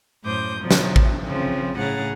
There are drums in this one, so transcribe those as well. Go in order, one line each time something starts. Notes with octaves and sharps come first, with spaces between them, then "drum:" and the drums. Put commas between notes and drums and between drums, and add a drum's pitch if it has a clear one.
F#2 A2 C5 D6 D#6 G6
B2 D3 F3 F#3
drum: snare
drum: kick A1
C#3 F3 C4
A2 C#3 G#4 F#5 A#5 A6